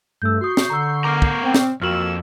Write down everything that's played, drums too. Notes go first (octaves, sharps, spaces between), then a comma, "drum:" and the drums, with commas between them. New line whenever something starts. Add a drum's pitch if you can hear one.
G2 A3 E6 G6
F#4 C#6 D#6 G6 C7
drum: snare
D3 A#5 E6
B3 A#4 A#5 D6 F6
drum: kick
C4
drum: snare
F2 A#3 F#4 E6 F6 F#7